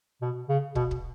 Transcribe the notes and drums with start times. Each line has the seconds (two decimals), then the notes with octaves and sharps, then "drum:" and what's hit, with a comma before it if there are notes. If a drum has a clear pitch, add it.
0.22 B2
0.49 C#3
0.75 B2, drum: kick
0.91 drum: kick